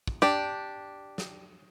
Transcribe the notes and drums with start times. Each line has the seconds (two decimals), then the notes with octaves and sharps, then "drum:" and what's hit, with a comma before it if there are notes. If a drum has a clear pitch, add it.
0.07 drum: kick
0.22 D4 G4
1.18 drum: snare